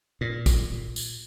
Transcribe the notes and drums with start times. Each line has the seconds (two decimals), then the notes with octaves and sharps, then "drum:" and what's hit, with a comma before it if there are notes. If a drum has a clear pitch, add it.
0.21 A#2
0.46 drum: kick, tambourine
0.96 drum: tambourine